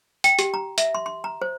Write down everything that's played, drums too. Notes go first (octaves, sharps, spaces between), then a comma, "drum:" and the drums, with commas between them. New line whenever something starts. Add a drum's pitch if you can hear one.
G5, drum: hi-hat
G4, drum: hi-hat
A#5
E5, drum: hi-hat
C6
C6
A#5
C5